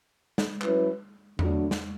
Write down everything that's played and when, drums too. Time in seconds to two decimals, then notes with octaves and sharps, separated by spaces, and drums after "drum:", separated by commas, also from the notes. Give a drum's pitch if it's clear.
0.38 drum: snare
0.62 F#3 C#4 E4 B4, drum: clap
1.39 D3 F#3 A3 D4, drum: tom E2
1.71 drum: snare